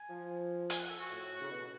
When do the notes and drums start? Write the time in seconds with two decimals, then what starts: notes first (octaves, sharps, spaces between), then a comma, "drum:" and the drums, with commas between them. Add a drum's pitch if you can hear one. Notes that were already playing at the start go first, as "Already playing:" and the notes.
Already playing: G#5
0.10 F3
0.70 G#5, drum: hi-hat
0.80 F#5
0.90 A4
1.00 F#4
1.10 A2
1.41 C#3
1.50 B2